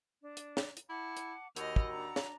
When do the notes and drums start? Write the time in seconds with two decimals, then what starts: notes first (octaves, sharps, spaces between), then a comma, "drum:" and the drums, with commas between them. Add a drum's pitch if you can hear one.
0.22 D4
0.37 drum: hi-hat
0.57 drum: snare
0.77 drum: hi-hat
0.89 E4 F#5 A5 D6
1.17 drum: hi-hat
1.56 D#2 F#4 D#5 F#5 G5 B5 E6 F6, drum: hi-hat
1.76 drum: kick
1.91 D4 A#5
2.16 drum: snare